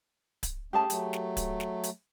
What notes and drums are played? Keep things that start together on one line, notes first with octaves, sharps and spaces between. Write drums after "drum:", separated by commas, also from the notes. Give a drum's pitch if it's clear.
drum: kick D1, hi-hat
A3 C#4 G4 G#4 A5
F#3 A3, drum: hi-hat
drum: snare
drum: kick D1, hi-hat
drum: snare
drum: hi-hat